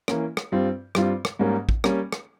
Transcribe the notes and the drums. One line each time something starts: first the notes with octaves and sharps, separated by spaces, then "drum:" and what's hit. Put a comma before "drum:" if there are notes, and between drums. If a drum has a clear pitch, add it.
E3 A#3 C#4, drum: rim click
drum: rim click
G2 G3 C4 F4
G2 G3 C4 F4, drum: rim click
drum: rim click
G#2 G3 A#3 C#4
drum: kick A1
G3 A#3 C#4, drum: rim click
drum: rim click